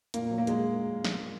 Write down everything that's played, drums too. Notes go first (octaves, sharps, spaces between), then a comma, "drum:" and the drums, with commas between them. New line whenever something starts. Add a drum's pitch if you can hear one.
A#2 A#3, drum: hi-hat
F#3
A#3
F#3 G#3, drum: hi-hat
drum: snare